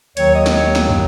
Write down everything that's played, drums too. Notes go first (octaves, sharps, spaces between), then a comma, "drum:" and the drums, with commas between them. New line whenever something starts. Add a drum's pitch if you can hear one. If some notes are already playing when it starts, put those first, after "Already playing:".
D#2 D#3 F#3 C#5, drum: hi-hat
D#5
drum: snare
C#5
drum: snare
drum: tom